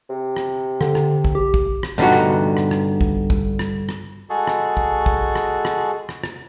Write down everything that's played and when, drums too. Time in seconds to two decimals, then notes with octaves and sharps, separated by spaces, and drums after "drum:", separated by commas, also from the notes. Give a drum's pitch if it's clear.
0.10 C3
0.36 drum: rim click
0.81 D3, drum: rim click
0.95 drum: rim click
1.25 drum: kick
1.35 G4
1.54 drum: kick
1.83 drum: rim click
1.98 G2 D3 B3 D#4 F#4
2.13 drum: rim click
2.57 drum: rim click
2.71 drum: rim click
3.01 drum: kick
3.30 drum: kick
3.59 drum: rim click
3.89 drum: rim click
4.30 G#3 F#4 G#4 A4
4.47 drum: rim click
4.77 drum: kick
5.06 drum: kick
5.35 drum: rim click
5.65 drum: rim click
6.09 drum: rim click
6.24 drum: rim click